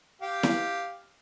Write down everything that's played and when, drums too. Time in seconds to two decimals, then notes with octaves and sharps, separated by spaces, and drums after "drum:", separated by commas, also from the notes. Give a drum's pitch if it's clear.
0.22 G4 F5
0.43 drum: snare E4